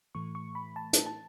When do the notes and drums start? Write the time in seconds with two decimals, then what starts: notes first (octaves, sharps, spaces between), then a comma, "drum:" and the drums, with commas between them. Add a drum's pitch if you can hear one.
0.15 A2 E3 A3 C#6
0.35 C#6
0.55 B5
0.76 A5
0.93 drum: hi-hat
1.06 A5